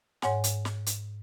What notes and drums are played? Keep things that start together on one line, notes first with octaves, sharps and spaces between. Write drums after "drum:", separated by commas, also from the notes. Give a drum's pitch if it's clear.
G#2 C#5 F#5 G#5, drum: snare
drum: hi-hat
drum: snare
drum: hi-hat